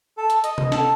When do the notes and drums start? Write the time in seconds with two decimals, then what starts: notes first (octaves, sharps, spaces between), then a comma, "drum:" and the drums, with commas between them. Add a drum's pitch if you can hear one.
0.17 A4
0.30 drum: hi-hat
0.44 D#5, drum: hi-hat
0.58 drum: tom C3
0.72 A4, drum: snare